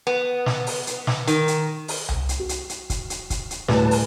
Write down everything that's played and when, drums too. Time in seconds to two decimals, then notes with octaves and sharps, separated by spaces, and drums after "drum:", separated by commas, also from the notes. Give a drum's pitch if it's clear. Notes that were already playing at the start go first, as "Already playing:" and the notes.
0.07 B3
0.46 drum: snare
0.67 drum: open hi-hat
0.87 drum: hi-hat
1.07 drum: snare
1.27 D#3, drum: hi-hat
1.48 drum: hi-hat
1.88 drum: open hi-hat
2.09 drum: tom C2
2.29 drum: hi-hat
2.40 F#4
2.49 drum: hi-hat
2.69 drum: hi-hat
2.90 drum: kick, hi-hat
3.10 drum: hi-hat
3.30 drum: kick, hi-hat
3.51 drum: hi-hat
3.68 D2 A2 G3 B4 A5, drum: snare
3.91 drum: open hi-hat